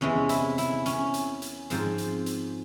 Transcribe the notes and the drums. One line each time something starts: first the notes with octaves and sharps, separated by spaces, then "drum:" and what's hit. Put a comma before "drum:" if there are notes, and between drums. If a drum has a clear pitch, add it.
E2 C3 E3 G#3 C#4
E4, drum: hi-hat
E4, drum: hi-hat
C#4, drum: hi-hat
drum: hi-hat
drum: hi-hat
G#2 F3 C4, drum: hi-hat
drum: hi-hat
drum: hi-hat